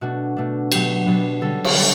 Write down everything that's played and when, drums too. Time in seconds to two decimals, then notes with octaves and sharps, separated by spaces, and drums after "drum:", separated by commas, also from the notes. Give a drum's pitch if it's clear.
0.01 B2 A3 D4 F#4
0.37 B2 A3 D4
0.72 B2 F#3 B3 D4 G4, drum: cymbal
1.06 B2 F#3 B3 D4
1.41 D3 G3 C#4 A4
1.64 drum: cymbal
1.77 D3 G3 C#4